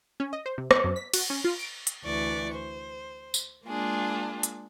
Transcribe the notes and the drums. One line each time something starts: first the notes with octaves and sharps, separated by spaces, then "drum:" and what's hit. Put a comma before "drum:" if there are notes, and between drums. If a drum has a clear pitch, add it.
C#4
D#5
C5
C3
C#6, drum: rim click
F#2
B6
F#4, drum: cymbal
C#4
F4
D7
drum: hi-hat
D2 E3 D5 C#6
C5
drum: tambourine
G#3 A#3 D4 F4 G#4
drum: hi-hat